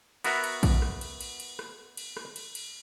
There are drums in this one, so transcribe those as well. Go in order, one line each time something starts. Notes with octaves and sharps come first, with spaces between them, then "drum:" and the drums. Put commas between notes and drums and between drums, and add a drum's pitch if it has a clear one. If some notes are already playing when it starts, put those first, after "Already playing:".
B3 F#4 A#4 E5 F#5, drum: cymbal
drum: cymbal
drum: kick A#1, cymbal
drum: rim click
drum: cymbal
drum: cymbal
drum: cymbal
drum: rim click
drum: cymbal
drum: rim click
drum: cymbal
drum: cymbal